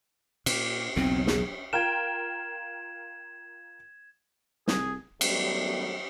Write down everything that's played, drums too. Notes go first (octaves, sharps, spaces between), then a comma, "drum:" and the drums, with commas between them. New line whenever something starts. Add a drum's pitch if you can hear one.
A#2, drum: cymbal
B1 E2 C#3 C4
G#4, drum: snare
F4 A#4 G5 G#6 E7
C2 G#4, drum: snare
D#3 F#3 G3 A3 B3, drum: cymbal